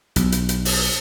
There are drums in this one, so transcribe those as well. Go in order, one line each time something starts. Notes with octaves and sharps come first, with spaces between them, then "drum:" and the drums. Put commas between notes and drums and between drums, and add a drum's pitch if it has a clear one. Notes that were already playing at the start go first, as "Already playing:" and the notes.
B1, drum: hi-hat
drum: hi-hat
drum: hi-hat
drum: open hi-hat